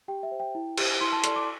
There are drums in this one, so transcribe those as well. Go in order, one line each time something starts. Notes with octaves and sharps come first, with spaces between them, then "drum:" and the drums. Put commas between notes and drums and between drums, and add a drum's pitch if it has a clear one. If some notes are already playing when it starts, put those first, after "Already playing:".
G4 G5
E5
C5
G5
E4
G4 C5, drum: cymbal
E4 C6
A5
A4 D5 C6, drum: hi-hat
D6